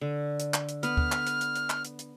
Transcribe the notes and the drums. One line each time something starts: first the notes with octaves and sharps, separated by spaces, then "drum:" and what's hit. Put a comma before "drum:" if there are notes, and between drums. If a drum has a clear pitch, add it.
D3
drum: hi-hat
drum: clap
drum: hi-hat
B3 B4 F6, drum: hi-hat
drum: kick
drum: clap
drum: hi-hat
drum: hi-hat
drum: hi-hat
drum: clap
drum: hi-hat
drum: hi-hat